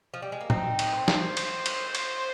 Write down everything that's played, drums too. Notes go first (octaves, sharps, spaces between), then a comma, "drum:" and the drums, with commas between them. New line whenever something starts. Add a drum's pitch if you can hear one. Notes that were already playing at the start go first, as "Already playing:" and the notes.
F3
G3
G#3
A#3
C4 D#4, drum: tom A2
drum: cymbal
C5
drum: snare
drum: cymbal
drum: cymbal
drum: cymbal